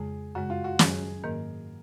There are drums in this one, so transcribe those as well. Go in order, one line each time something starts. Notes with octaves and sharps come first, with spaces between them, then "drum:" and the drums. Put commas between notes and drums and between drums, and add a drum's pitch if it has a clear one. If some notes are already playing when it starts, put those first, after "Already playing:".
Already playing: F2 C#3 G#3 G#4
F#2 C#3 G#3 F#4
F4
F#4
F#2 D#3 F#3 C#4 G#4, drum: snare
G#2 D#3 A#3 A#4